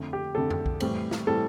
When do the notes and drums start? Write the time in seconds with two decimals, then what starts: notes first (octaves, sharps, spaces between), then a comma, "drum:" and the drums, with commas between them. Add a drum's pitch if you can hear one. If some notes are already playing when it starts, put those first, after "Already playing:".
Already playing: F2 D3 A3
0.13 G4
0.35 F2 D3 A3 A4
0.50 drum: tom F2
0.66 drum: kick
0.80 A2 E3 G3 C4, drum: cymbal
1.11 drum: snare
1.27 A2 E3 G3 C4 A4